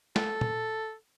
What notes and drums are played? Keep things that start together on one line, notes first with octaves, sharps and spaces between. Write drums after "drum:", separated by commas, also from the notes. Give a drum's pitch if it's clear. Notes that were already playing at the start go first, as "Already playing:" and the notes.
A4, drum: snare
drum: tom